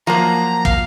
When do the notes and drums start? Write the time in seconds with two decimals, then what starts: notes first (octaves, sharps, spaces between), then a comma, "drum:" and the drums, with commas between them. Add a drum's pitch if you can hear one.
0.07 F3 F#3 A#3 A#5
0.65 F5, drum: kick